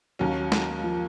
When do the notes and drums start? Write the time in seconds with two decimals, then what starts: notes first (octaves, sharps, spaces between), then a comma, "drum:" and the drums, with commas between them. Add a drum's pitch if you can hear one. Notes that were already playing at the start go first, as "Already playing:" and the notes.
0.19 D#2 D#3 F#3 A#3 C#4 F#4
0.52 drum: snare
0.84 F3 F4